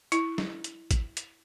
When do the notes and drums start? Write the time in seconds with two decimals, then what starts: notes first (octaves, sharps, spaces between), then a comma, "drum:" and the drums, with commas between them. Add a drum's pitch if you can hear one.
0.12 E4, drum: hi-hat
0.38 drum: snare
0.64 drum: hi-hat
0.91 drum: kick, hi-hat
1.17 drum: hi-hat